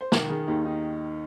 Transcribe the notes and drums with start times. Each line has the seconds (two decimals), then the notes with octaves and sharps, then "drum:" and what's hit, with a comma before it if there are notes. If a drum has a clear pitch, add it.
0.01 C5
0.12 D#3 A#4, drum: snare
0.29 D#3 G#4
0.47 D#2 D#4
0.65 D#4